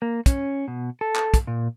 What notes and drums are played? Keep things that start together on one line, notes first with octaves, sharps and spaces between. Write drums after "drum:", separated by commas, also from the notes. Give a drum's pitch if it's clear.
A#3
C#4, drum: kick, hi-hat
B2
A4
drum: clap
drum: kick, hi-hat
A#2